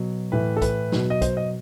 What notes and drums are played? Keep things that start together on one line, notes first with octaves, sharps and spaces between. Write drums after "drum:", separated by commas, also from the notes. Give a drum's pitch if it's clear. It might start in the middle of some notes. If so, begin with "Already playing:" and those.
Already playing: B2 F#3
A2 E3 B4
A4
B4, drum: kick, hi-hat
B2 F#3, drum: snare
D#5
C5, drum: kick, hi-hat
D#5